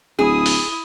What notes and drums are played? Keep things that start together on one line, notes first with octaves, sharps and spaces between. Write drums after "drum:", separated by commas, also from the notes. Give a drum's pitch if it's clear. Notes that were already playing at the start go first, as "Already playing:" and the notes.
D1 E4 G#4 D#6
drum: open hi-hat